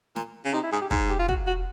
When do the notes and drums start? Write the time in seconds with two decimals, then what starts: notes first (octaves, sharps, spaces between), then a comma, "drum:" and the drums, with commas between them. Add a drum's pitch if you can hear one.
0.16 A#2, drum: snare
0.45 C#3
0.53 C3 D#4
0.63 E4
0.72 G#2 G#4
0.81 G4
0.91 G#2, drum: kick
1.09 G4
1.19 F4
1.28 F#4, drum: kick
1.47 F#4